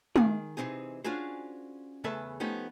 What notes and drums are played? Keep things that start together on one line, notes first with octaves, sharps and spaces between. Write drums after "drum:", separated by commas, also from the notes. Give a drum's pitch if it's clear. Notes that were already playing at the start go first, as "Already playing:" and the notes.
D#3 G#4, drum: tom G#3
C3 E3 C4 D#4 G#4
C#4 D4 F4 F#4 G#4 C5
E2 C#3 A3 A4 B4 E5
F3 A3 B3 C#4 D#4 G4